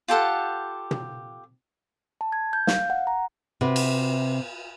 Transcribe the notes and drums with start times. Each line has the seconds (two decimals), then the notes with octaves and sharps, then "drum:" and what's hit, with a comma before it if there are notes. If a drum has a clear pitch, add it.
0.08 F4 G4 A4 F#5
0.91 drum: tom
2.21 A5
2.32 G#6
2.53 G6
2.67 F5, drum: snare
2.90 F#5
3.07 A#5
3.61 C3 F#4 B4
3.76 drum: cymbal